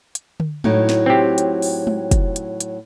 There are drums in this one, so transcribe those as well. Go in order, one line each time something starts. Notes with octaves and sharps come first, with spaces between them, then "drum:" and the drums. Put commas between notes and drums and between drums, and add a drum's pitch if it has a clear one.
drum: hi-hat
drum: tom D3
A2 F#3 D#4, drum: tom G#3
drum: snare
C4 G4
drum: hi-hat
drum: open hi-hat
drum: tom G#3
drum: kick, hi-hat
drum: hi-hat
drum: hi-hat